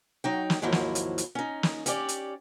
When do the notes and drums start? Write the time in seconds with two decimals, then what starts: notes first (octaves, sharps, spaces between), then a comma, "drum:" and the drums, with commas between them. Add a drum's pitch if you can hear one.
0.24 F#3 D#4 G5
0.50 drum: snare
0.62 D#2 G#2 F3 F#3 E4
0.72 drum: snare
0.95 drum: hi-hat
1.18 drum: hi-hat
1.35 C#4 D#4
1.63 drum: snare
1.86 C#4 G4 D5, drum: hi-hat
2.09 drum: hi-hat